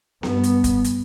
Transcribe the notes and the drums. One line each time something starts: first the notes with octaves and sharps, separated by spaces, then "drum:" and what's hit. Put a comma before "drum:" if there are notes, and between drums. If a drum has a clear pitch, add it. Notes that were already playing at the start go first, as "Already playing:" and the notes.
G2 B3, drum: snare B3
drum: hi-hat
drum: kick, hi-hat
drum: hi-hat